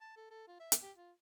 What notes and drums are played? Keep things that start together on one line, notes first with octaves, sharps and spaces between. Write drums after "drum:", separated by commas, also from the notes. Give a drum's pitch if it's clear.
A5
A4
A4
F4
E5
drum: hi-hat
G4
F4